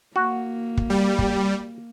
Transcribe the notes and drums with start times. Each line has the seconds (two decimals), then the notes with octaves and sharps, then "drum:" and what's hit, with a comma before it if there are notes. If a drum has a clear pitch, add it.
0.16 A#3 F#4
0.77 drum: kick
0.90 G3
1.19 drum: kick